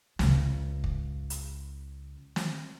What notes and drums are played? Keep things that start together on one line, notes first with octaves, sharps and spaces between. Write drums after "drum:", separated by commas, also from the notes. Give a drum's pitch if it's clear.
C#2 C#3, drum: snare
drum: kick
drum: hi-hat
drum: snare